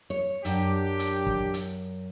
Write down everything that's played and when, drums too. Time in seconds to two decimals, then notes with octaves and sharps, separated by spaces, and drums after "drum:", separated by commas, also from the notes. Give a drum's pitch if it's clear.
0.10 C#5
0.45 F#2 D4 G4, drum: hi-hat
0.99 drum: hi-hat
1.27 drum: kick
1.54 drum: hi-hat